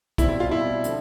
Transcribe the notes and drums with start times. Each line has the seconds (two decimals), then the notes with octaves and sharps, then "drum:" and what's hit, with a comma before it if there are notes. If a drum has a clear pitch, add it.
0.18 B2 G3 C4 E4, drum: kick B1, hi-hat
0.29 E4
0.40 F4
0.51 B2 G3 C4 E4
0.84 D3 F3 C4, drum: hi-hat